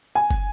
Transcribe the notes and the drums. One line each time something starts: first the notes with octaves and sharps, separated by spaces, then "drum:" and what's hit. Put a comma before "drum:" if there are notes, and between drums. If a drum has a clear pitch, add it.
G#5
drum: kick